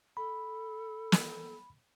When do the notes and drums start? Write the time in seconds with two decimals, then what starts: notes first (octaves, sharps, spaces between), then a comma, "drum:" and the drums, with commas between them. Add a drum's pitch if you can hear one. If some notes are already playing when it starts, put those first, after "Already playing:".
0.17 A4 B5
1.12 drum: snare